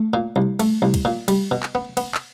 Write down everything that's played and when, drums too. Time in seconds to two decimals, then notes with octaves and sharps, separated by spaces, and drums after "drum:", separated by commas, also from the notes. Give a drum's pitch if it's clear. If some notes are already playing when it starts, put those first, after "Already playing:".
Already playing: A3
0.14 A#2
0.36 C2
0.60 A3, drum: cymbal
0.82 C2
0.94 drum: kick, cymbal
1.05 A#2
1.28 G3, drum: cymbal
1.51 B2
1.63 drum: clap
1.75 B3
1.97 B3, drum: cymbal
2.15 drum: clap